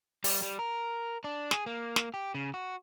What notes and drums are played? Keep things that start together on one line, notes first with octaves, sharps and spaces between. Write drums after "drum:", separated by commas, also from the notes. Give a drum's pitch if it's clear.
G3, drum: open hi-hat
G3
A#4
D4
G#4, drum: snare
A#3
drum: snare
G4
C#3
F#4